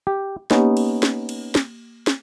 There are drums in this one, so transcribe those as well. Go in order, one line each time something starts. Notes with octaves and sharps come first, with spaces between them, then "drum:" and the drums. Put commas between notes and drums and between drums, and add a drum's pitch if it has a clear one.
G4
A#3 B3 C#4 D#4 G4, drum: snare
drum: cymbal
drum: snare
drum: cymbal
drum: snare
drum: snare